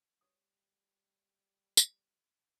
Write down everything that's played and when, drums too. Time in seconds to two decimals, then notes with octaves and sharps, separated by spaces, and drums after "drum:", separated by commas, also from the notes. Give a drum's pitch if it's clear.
0.21 G3 C#5 D#6
1.77 drum: tambourine